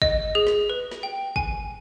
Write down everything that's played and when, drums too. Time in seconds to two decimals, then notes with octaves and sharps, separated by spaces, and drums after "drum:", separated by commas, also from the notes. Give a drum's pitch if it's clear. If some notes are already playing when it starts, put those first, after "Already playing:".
0.02 D#5, drum: kick
0.35 G#4
0.47 drum: snare
0.70 B4
0.91 drum: snare
1.03 G5
1.36 G#5, drum: kick